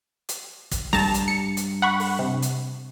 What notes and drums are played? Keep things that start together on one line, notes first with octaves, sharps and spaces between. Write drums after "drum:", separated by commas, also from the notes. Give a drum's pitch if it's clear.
drum: hi-hat
drum: kick, hi-hat
G2 A5 A#5, drum: kick, open hi-hat
drum: hi-hat
C#7
drum: hi-hat
F#5 B5 C#6
drum: open hi-hat
C3
drum: hi-hat